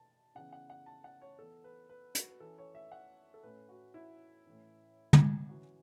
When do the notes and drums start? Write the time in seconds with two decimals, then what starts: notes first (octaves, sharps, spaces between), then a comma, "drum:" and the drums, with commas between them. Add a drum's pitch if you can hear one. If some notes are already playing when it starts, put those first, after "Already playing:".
Already playing: B2 B3 A5
0.35 C#3 E3 B3 F#5
0.53 F#5
0.70 F#5
0.86 A5
1.04 F#5
1.22 C#5
1.39 E3 B3 A4
1.64 B4
1.89 B4
2.15 F#4, drum: hi-hat
2.29 B4
2.40 E3 C#4 A4
2.58 C#5
2.75 E5
2.92 F#5
3.34 A4
3.43 A2 A3 C#4 B4
3.69 F#4
3.94 E4
4.46 A2 E3 C#4
5.13 drum: tom
5.48 E3 C#4 F#4